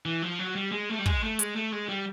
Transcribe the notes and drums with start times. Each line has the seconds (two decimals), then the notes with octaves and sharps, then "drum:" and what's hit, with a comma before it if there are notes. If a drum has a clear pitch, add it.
0.05 E3
0.22 F3
0.39 F#3
0.56 G3
0.72 G#3
0.89 A3
0.99 G3
1.06 G#3, drum: kick
1.23 A3
1.39 G#3, drum: hi-hat
1.56 A3
1.72 G#3
1.89 G3